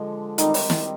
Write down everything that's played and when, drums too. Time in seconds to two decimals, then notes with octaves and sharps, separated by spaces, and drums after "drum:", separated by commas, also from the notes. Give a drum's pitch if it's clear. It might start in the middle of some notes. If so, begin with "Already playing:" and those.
Already playing: D3 F3 G#3
0.38 D#3 G3 C4 D#4, drum: hi-hat
0.54 drum: open hi-hat
0.70 drum: snare